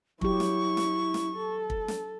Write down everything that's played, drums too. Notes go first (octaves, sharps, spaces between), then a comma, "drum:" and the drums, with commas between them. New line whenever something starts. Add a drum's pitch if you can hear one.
F#3 E4 G4 C#6, drum: kick
drum: snare
drum: snare
drum: snare
A4
drum: kick
drum: snare